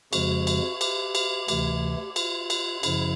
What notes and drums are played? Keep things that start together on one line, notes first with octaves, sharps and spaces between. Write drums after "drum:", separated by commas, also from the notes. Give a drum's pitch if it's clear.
F2 C#3 F3 G#3 F#4, drum: cymbal
drum: cymbal
G4, drum: cymbal
drum: cymbal
D2 C3 E3 A3 G4, drum: cymbal
F4, drum: cymbal
drum: cymbal
F#2 C#3 F3 E4, drum: cymbal